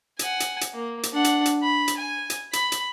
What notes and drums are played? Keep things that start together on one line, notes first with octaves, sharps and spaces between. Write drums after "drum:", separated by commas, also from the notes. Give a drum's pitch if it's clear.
F#5 G#5, drum: hi-hat
drum: hi-hat
drum: hi-hat
A#3
drum: hi-hat
D4 F#5
drum: hi-hat
drum: hi-hat
B5
drum: hi-hat
G#5
drum: hi-hat
B5, drum: hi-hat
drum: hi-hat